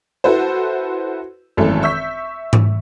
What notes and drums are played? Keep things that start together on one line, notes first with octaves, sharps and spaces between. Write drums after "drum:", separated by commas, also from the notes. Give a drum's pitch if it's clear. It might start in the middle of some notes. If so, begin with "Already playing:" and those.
E4 F#4 A4 B4 C5
G#1 F#2 E3 A3 A4
E5 C#6 E6 G6 B6
drum: tom G#2